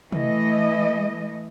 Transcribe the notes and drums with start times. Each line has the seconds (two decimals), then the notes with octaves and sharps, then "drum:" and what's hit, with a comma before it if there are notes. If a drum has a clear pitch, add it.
0.12 E3 A3 D#5, drum: tom